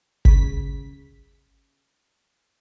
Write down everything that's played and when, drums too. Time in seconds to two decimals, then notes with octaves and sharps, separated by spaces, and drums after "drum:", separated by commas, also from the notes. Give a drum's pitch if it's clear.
0.25 C#3 B6, drum: kick G1